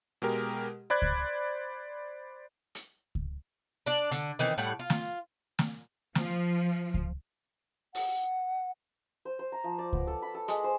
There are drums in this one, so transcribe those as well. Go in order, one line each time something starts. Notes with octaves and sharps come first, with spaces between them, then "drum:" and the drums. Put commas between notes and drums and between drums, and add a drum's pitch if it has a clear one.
B2 G#3 G4 A#4
C5 D5 B5 F#6 G#6
drum: kick C#2
drum: hi-hat
drum: kick C#2
D4 D5
D3, drum: hi-hat
D#3 E3 C4
A2 G3 F#5
F4
drum: snare
drum: snare
F3, drum: snare
drum: kick C#2
F#5, drum: open hi-hat
C5
C5
A#5
F3
D5
B3, drum: kick C#2
A4
B5
A4
G#3, drum: hi-hat
C5